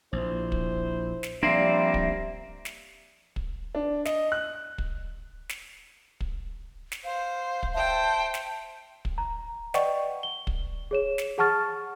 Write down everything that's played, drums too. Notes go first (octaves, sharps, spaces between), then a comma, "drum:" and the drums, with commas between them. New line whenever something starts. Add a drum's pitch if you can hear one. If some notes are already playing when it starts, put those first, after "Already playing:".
A#1 E4 C5
drum: kick
drum: snare
F3 G3 A#3 C4 D4 D5 E5
drum: kick
drum: snare
drum: kick
D4
D#5, drum: snare
F#6
drum: kick
drum: snare
drum: kick
drum: snare
C5 F5
drum: kick
C5 E5 G5 A5
drum: snare
drum: kick
A#5
B4 D5 D#5 F#5 G5 C#6, drum: snare
G7
drum: kick
G#4 C#5 E7
drum: snare
G#4 F#5 A5 C#6 F6 A6